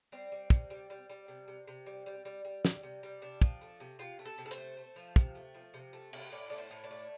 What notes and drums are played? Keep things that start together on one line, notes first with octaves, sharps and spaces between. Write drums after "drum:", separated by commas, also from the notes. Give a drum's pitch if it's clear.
G3 C4
G3
C3, drum: kick
G3
G3
G3
C3
C3
C3
G3
G3
G3
G3
G3, drum: snare
C3
G3
C3 D4
F3, drum: kick
A3
C3
C3 F4
A3
A4
C3
A4
C5, drum: hi-hat
A3
A3
F3
C3, drum: kick
A3
F3
C3
A3
C3, drum: cymbal
A2 D5
A3 D5
C5
A2
D5
A3